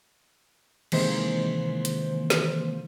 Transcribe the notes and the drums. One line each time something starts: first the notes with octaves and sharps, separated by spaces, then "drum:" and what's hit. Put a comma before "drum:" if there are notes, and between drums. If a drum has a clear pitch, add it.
C3 D#3 E3 G#3 A#3 C5, drum: cymbal
drum: hi-hat
drum: snare